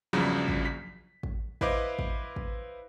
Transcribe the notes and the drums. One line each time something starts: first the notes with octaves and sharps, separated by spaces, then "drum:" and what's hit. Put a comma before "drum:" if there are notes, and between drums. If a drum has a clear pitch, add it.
A#1 E2 G2 C#3 F3 F#3
drum: kick
B6
drum: kick
E4 B4 C5 D#5 F5 D6, drum: kick
drum: kick
drum: kick